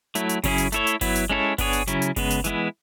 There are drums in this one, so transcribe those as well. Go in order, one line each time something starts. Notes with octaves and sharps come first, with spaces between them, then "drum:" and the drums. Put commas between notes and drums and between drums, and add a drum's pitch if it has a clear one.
F#3 A3 E4, drum: hi-hat
drum: hi-hat
C#3 F#3 C#4 E4 G#4, drum: kick G1, open hi-hat
drum: hi-hat
A3 E4 A4 C#5, drum: hi-hat
drum: hi-hat
F#3 B3 E4, drum: kick G1, open hi-hat
drum: hi-hat
G#3 C#4 E4 A4 C#5
B3 D4 G#4 C#5, drum: kick G1, open hi-hat
drum: hi-hat
C#3 F#3 C#4 E4, drum: hi-hat
drum: hi-hat
C#3 G#3 B3, drum: kick G1, open hi-hat
drum: hi-hat
E3 G#3 B3 E4, drum: hi-hat